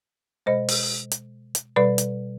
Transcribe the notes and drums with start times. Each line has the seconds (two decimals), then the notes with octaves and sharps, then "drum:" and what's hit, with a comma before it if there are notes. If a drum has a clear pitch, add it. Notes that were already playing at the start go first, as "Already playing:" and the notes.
0.46 B2 G#3 C5 D#5
0.68 drum: open hi-hat
1.12 drum: hi-hat
1.55 drum: hi-hat
1.76 B2 G3 B4 D5
1.98 drum: hi-hat